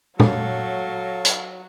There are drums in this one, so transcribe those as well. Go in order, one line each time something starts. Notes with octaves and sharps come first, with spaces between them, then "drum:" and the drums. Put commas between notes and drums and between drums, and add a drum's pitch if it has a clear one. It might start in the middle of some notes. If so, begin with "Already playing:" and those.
F#3 A4 C#5 F5, drum: tom
drum: hi-hat